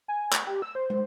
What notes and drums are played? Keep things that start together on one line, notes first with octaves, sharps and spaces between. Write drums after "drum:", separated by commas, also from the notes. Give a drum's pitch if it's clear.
G#5
C#6, drum: clap
G4
E6
C5
drum: tom